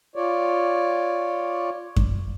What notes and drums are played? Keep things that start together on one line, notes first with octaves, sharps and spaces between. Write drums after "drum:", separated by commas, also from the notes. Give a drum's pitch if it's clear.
F4 C#5 D5
drum: kick F#2